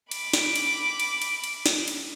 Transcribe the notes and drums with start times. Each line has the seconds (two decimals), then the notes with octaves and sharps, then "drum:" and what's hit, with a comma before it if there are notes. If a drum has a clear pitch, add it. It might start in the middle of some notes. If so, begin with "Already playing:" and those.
0.11 B5 D6, drum: cymbal
0.33 drum: snare
0.56 drum: cymbal
1.00 drum: cymbal
1.22 drum: cymbal
1.44 drum: cymbal
1.66 drum: snare
1.88 drum: cymbal